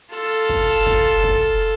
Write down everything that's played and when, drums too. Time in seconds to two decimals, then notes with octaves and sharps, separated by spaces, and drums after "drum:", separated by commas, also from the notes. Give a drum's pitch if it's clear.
0.12 F4 A4, drum: hi-hat
0.49 drum: kick
0.86 drum: kick, hi-hat
1.23 drum: kick
1.61 drum: hi-hat